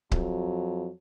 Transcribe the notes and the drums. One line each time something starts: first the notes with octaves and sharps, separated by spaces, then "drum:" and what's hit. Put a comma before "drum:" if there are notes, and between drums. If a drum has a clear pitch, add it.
F2 F#3, drum: kick C#1